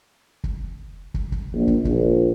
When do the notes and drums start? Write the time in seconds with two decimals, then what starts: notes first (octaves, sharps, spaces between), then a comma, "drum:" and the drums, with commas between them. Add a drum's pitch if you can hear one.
0.44 drum: kick
1.14 drum: kick
1.32 drum: kick
1.54 A#1
1.67 drum: kick
1.85 A#1, drum: kick